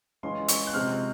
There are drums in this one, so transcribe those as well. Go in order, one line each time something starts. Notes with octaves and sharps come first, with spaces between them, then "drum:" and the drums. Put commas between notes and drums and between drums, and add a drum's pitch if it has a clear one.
E3 G#3 C#4 F4 C6
C#6, drum: hi-hat
F#6
C3 F3 G#3 C4 F6